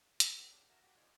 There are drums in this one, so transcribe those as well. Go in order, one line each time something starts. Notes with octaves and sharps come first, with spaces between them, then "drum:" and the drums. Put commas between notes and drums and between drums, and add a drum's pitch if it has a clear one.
A#5, drum: hi-hat
C4 F#4 A4 A5
C#4 D4 G4 G#4
F#4 A#4 E5 A5 A#5
A#3 F#4 G4
D#4 F4 G#4 C#5 D5